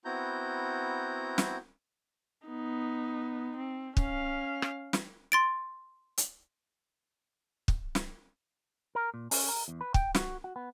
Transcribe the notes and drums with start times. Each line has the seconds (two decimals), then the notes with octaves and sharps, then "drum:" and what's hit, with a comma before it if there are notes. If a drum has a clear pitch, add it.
0.05 B3 C4 E4 F#4 A#5 G6
1.38 drum: snare
2.47 B3 D#4
3.57 C4
3.97 C#4 F5, drum: kick
4.62 drum: rim click
4.93 drum: snare
5.32 C6 A6 D7
6.18 drum: hi-hat
7.68 drum: kick
7.95 drum: snare
8.95 A#4
9.14 A#2
9.31 C#4, drum: open hi-hat
9.49 A#4
9.68 E2
9.81 B4
9.94 G5, drum: kick
10.15 F#4, drum: snare
10.44 F#4
10.56 B3